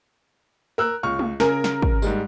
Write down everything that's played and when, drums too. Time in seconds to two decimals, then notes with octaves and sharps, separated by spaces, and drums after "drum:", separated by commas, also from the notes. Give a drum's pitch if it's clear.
0.78 A#4 E6 F#6
1.03 C#2 C#6 F6
1.19 drum: tom G#3
1.40 C#3 A#4 G#5, drum: snare
1.64 drum: snare
1.82 drum: kick
2.02 G#2 G3 G#3, drum: tambourine